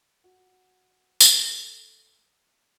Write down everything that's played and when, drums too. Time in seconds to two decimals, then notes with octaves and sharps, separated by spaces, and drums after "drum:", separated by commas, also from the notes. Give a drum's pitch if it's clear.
0.24 F#4
1.20 A4, drum: tambourine